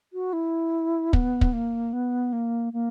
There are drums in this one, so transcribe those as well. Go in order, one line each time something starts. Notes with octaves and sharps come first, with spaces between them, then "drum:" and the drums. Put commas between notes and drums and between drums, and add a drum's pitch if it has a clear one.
F#4
E4
B3, drum: kick
drum: kick
A#3
B3
A#3
A#3